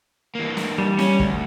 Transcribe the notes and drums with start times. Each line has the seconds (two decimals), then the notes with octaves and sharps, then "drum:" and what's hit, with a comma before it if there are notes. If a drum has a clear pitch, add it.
0.35 E3 A#3
0.57 drum: snare
0.78 G3
0.99 C#4, drum: snare
1.20 D2, drum: kick